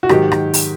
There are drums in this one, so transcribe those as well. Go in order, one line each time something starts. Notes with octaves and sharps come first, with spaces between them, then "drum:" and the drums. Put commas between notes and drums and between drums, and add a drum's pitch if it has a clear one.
F#4
G#2 D#3 F#3 G4, drum: rim click
drum: rim click
drum: open hi-hat